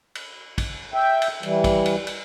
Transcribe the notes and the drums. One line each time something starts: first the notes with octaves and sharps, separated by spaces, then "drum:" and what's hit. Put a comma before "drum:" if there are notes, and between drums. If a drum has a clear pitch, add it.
drum: cymbal
drum: kick, cymbal
E5 G5
drum: cymbal
E3 G3, drum: cymbal
drum: kick, cymbal
drum: cymbal
drum: cymbal